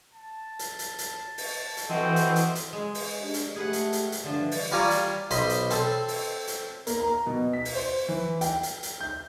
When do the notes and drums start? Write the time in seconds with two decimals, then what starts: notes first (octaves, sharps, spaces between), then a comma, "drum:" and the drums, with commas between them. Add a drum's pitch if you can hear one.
0.14 A5
0.59 drum: hi-hat
0.79 drum: hi-hat
0.99 drum: hi-hat
1.38 drum: open hi-hat
1.77 drum: hi-hat
1.89 E3 C4 F#4 A4 D#5 G5
2.16 drum: hi-hat
2.36 drum: hi-hat
2.55 drum: hi-hat
2.73 G#3
2.95 drum: open hi-hat
3.20 D4 G4
3.34 drum: hi-hat
3.56 A3 G4 G#4 B4 F#5
3.73 drum: hi-hat
3.93 drum: hi-hat
4.12 drum: hi-hat
4.24 G2 D3 E3 F3 D4
4.51 drum: open hi-hat
4.72 G3 F4 D5 G#5 A#5 C#6
4.91 drum: hi-hat
5.31 B1 C5 D#5 B5 C6, drum: hi-hat
5.49 drum: hi-hat
5.70 C4 A4 C5, drum: hi-hat
6.08 drum: open hi-hat
6.48 drum: hi-hat
6.87 A#3, drum: hi-hat
7.00 A#5
7.26 B2
7.53 B6
7.65 drum: open hi-hat
7.75 C5
8.08 E3
8.41 G5, drum: hi-hat
8.63 drum: hi-hat
8.83 drum: hi-hat
9.01 G6